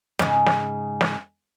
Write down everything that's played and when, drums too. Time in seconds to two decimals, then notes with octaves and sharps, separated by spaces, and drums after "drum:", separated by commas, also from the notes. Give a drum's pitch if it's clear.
0.19 G#2 C#3, drum: snare
0.46 drum: snare
1.01 drum: snare